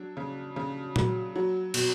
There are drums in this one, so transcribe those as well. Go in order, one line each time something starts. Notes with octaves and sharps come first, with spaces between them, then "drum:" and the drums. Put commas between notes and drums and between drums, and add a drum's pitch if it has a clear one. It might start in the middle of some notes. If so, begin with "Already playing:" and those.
Already playing: F#3 D4
C#3
C#3
F#3, drum: tom A#2
F#3
B2, drum: cymbal